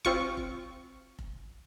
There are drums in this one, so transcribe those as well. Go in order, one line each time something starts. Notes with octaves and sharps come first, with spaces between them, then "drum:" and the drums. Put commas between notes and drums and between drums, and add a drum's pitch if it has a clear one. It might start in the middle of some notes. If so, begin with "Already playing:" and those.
C4 F4 C#6, drum: kick F1
drum: kick F1
drum: kick F1